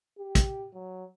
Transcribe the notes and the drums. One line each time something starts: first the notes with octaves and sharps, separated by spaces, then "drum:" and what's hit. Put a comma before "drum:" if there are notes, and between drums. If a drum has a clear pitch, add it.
G4
drum: kick, hi-hat
F#3